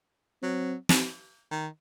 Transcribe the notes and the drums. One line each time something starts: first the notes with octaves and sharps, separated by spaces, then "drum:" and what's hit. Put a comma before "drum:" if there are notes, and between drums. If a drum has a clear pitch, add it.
F#3 C4
drum: snare
D#3